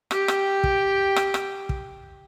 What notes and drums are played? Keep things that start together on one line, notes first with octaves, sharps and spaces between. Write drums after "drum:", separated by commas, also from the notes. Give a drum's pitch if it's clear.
G4 G5, drum: rim click
drum: rim click
drum: kick
drum: rim click
drum: rim click
drum: kick